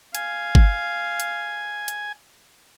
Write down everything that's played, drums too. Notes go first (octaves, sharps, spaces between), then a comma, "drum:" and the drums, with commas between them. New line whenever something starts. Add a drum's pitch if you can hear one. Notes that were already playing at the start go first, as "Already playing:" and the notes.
F5 G#5, drum: hi-hat
drum: kick G1
drum: hi-hat
drum: hi-hat